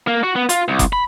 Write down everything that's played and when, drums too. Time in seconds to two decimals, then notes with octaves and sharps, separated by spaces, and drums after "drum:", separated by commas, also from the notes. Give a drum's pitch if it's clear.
0.08 A#3
0.23 F#4
0.36 B3
0.49 F4, drum: hi-hat
0.68 C2
0.79 drum: kick F#1, hi-hat
0.93 B5